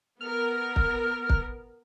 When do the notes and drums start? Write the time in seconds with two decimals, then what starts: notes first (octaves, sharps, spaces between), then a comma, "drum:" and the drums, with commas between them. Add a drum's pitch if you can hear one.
0.21 B3 A#4 F6
0.76 drum: kick
1.29 drum: kick